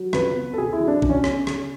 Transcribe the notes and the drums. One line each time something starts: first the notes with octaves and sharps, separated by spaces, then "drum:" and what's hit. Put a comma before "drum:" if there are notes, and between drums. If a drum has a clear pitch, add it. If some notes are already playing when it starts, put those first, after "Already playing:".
Already playing: F#3
C#2 B4, drum: rim click
B3
A4
B2 G#4
E4
F#3
D4
C#2 D4, drum: kick
C#4
B3 C#4, drum: rim click
C#3, drum: rim click